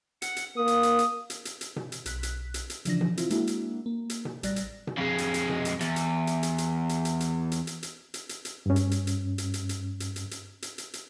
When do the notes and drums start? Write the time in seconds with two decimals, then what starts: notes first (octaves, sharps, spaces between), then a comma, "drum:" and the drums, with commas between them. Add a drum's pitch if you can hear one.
0.22 F#5, drum: hi-hat
0.36 drum: hi-hat
0.56 A#3 D#6
0.68 drum: hi-hat
0.83 drum: hi-hat
0.99 drum: hi-hat
1.30 drum: hi-hat
1.45 drum: hi-hat
1.61 drum: hi-hat
1.76 drum: tom B2
1.92 drum: hi-hat
2.06 B1 F#6 B6, drum: hi-hat
2.23 drum: hi-hat
2.54 drum: hi-hat
2.70 drum: hi-hat
2.85 C#3 E3 F3 D4 A#6, drum: hi-hat
3.01 drum: tom B2
3.17 C4 E4 F4, drum: hi-hat
3.30 G#3 A#3 D4 E4 F#4, drum: hi-hat
3.47 drum: hi-hat
3.86 A#3
4.10 drum: hi-hat
4.25 drum: tom B2
4.43 A1 G3 D5 F#6 A6 A#6, drum: hi-hat
4.56 drum: hi-hat
4.87 drum: tom B2
4.98 F2 G#3
5.18 drum: hi-hat
5.34 drum: hi-hat
5.49 drum: tom B2
5.65 drum: hi-hat
5.81 E2, drum: hi-hat
5.96 drum: hi-hat
6.27 drum: hi-hat
6.43 drum: hi-hat
6.58 drum: hi-hat
6.89 drum: hi-hat
7.05 drum: hi-hat
7.20 drum: hi-hat
7.52 drum: hi-hat
7.67 drum: hi-hat
7.83 drum: hi-hat
8.14 drum: hi-hat
8.29 drum: hi-hat
8.45 drum: hi-hat
8.66 G2 C#4
8.76 drum: hi-hat
8.91 drum: hi-hat
9.07 drum: hi-hat
9.38 drum: hi-hat
9.54 drum: hi-hat
9.69 drum: hi-hat
10.00 drum: hi-hat
10.16 drum: hi-hat
10.31 drum: hi-hat
10.62 drum: hi-hat
10.78 drum: hi-hat
10.94 drum: hi-hat